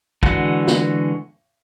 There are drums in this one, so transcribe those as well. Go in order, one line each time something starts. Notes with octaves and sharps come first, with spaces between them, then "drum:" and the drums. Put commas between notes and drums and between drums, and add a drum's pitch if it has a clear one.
D3 E3 G#3 F#4 A4, drum: kick
drum: snare